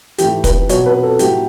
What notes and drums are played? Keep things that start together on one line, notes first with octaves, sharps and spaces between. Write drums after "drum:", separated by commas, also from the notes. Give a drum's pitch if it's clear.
A2 E3 G4, drum: hi-hat
B4, drum: kick, hi-hat
B2 F#3 C#5, drum: hi-hat
B4
A4
A2 F#3 G4, drum: hi-hat